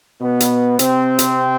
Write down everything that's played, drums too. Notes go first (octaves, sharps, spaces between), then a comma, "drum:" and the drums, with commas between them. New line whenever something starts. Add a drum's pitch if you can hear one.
B2 B3
drum: hi-hat
C3 C4, drum: hi-hat
drum: hi-hat